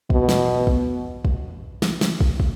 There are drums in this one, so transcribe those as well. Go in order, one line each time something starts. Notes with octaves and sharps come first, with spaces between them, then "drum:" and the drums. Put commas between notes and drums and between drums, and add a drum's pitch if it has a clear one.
B2, drum: kick
drum: snare
drum: kick
drum: kick
drum: snare
drum: snare
drum: kick
drum: kick